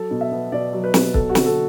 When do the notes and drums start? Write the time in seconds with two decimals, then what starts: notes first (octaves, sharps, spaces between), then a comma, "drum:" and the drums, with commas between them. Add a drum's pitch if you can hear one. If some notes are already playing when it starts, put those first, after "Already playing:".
Already playing: F#3 A4
0.11 B2
0.21 E5
0.32 B3
0.52 B2 D5
0.73 F#3
0.84 B4
0.94 B2, drum: snare
1.14 F#3 A4, drum: kick
1.30 F#4
1.35 D3, drum: snare
1.46 A4